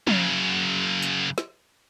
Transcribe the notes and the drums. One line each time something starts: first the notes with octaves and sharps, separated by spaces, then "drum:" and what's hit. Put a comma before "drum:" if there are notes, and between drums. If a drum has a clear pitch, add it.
F#2 C#3, drum: tom F3
drum: hi-hat
drum: snare